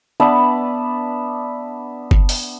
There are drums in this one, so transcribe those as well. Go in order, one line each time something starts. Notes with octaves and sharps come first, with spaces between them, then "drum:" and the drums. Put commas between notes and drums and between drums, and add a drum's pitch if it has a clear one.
B3 D4 B4 E5
drum: kick F#1
drum: open hi-hat